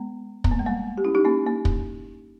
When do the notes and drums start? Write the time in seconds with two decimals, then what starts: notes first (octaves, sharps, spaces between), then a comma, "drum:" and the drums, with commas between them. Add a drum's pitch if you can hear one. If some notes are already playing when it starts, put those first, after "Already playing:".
Already playing: G#3 B3
0.44 B3, drum: kick
0.51 A#3
0.59 G#3
0.66 G3 A#3
0.98 G4
1.05 C#4 E4
1.15 D#4 G4
1.25 A#3 C#4
1.46 A#3
1.65 drum: kick